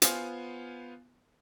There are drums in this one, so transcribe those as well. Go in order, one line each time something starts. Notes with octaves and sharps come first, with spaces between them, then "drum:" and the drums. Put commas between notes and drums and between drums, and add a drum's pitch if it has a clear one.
B3 F4 C5 F5 G#5, drum: hi-hat